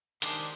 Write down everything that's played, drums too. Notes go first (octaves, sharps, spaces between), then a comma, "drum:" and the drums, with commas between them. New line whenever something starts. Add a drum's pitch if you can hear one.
D#3 G#3 D4 G4 C5, drum: hi-hat